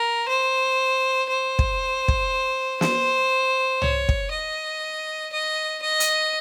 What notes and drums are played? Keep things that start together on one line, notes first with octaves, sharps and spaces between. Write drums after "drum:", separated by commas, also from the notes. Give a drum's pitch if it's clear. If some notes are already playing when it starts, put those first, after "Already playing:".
Already playing: A#4
C5
C5
drum: kick
drum: kick
C5, drum: snare
C#5, drum: tom
drum: kick
D#5
D#5
D#5
drum: hi-hat